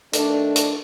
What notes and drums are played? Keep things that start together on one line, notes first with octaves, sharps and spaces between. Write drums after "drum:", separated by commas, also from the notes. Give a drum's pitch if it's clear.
D#3 A3 D4, drum: hi-hat
drum: hi-hat